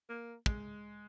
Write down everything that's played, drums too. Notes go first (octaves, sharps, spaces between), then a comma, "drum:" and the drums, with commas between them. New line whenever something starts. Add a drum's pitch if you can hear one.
A#3
G#3, drum: kick